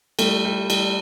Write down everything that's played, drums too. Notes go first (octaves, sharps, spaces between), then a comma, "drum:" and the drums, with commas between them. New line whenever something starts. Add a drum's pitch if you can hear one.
G3 A3, drum: cymbal
G3
G3, drum: cymbal